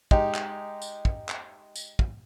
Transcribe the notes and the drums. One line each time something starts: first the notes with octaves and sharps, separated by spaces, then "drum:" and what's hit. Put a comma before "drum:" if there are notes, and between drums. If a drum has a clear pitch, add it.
G#3 D#4 G4, drum: kick
drum: clap
drum: tambourine
drum: kick
drum: clap
drum: tambourine
drum: kick